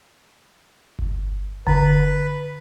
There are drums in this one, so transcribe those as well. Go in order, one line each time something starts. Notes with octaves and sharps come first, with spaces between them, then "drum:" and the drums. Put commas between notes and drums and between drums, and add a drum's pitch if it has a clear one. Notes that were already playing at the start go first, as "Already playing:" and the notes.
drum: kick G1
D3 B4, drum: kick G1